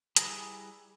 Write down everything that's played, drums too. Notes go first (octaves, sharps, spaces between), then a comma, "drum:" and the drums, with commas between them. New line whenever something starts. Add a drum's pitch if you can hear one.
G3 E4 G#4 B4 A#5, drum: hi-hat